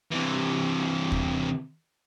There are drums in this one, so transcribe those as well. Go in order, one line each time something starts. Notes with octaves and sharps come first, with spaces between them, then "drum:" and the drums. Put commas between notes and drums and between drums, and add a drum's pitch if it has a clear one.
C3 E3
drum: kick